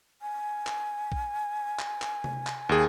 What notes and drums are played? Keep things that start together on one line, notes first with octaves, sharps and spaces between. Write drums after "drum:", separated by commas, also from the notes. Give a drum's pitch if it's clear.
G#5
drum: clap
drum: kick A#1
drum: clap
drum: clap
drum: tom C3
drum: clap
D#2 G#4